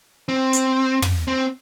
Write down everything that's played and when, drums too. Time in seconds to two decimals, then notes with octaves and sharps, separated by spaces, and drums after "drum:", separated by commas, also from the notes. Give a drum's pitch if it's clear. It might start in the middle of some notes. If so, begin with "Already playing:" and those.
0.29 C4
0.53 drum: hi-hat
1.02 drum: tom
1.28 C4